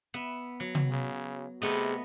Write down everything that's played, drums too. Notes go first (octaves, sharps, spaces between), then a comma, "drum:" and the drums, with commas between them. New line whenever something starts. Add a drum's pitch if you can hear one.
B3 E5
F#3
drum: tom
C#3
C3 A3 B3 G#4 D#5